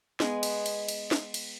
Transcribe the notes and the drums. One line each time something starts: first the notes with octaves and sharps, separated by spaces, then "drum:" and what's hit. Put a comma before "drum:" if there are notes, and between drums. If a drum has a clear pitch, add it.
G#3 B3, drum: snare
drum: cymbal
drum: cymbal
drum: cymbal
drum: snare
drum: cymbal